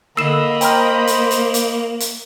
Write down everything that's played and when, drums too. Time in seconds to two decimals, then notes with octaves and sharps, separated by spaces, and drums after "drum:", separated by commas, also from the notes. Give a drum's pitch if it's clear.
0.17 D3 A#3 D#5 B5 E6 C7 E7
0.61 C5 G5 A#5 F6, drum: hi-hat
1.07 drum: hi-hat
1.31 drum: hi-hat
1.54 drum: hi-hat
2.00 drum: hi-hat